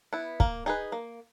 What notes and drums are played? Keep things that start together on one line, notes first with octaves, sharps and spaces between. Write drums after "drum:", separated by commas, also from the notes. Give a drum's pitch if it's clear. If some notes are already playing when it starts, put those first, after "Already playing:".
B3 E4
A#3, drum: kick
D#4 G#4 B4
A#3